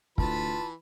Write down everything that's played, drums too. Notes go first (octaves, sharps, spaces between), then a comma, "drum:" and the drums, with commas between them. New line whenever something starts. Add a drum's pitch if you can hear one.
D2 E3 F4 B4 A5 B5, drum: kick